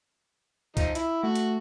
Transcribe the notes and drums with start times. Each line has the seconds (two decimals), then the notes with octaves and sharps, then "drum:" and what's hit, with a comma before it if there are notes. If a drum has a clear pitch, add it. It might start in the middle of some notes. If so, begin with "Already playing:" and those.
0.77 F3 D#4, drum: kick, hi-hat
0.95 E4, drum: hi-hat
1.23 A3 F#4
1.35 drum: hi-hat